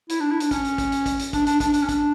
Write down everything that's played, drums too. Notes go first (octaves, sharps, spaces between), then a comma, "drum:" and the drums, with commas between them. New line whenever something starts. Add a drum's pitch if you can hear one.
E4, drum: hi-hat
D4
E4
D4, drum: hi-hat
C#4, drum: kick, hi-hat
drum: hi-hat
drum: kick, hi-hat
drum: hi-hat
drum: kick, hi-hat
drum: hi-hat
D4, drum: kick, hi-hat
D4, drum: hi-hat
D4, drum: kick, hi-hat
D4, drum: hi-hat
C#4
D4, drum: kick, hi-hat